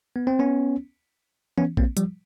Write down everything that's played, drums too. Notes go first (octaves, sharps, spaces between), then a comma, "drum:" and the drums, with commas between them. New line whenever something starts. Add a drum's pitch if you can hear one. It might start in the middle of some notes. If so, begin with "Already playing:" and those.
B3
C4
B3 C#4
B3 C#4, drum: tom E3
A#3 C4, drum: kick
F3 G3, drum: hi-hat